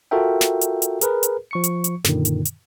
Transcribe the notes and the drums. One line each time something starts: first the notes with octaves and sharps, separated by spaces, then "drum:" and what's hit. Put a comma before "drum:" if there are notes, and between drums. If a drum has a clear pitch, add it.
F4 F#4 A4 A#4 E5 G5
drum: snare
drum: hi-hat
drum: hi-hat
G#4 A#4 B4, drum: hi-hat
drum: hi-hat
F3 C#6 C#7
drum: hi-hat
drum: hi-hat
F#2 A#2 D3 D#3, drum: snare
drum: hi-hat
drum: hi-hat